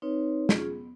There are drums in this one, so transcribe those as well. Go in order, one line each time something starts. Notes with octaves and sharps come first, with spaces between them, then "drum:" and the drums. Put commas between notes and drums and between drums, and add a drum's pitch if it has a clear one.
C4 D#4 B4 C#5
C#4 F4 G#4, drum: snare
B3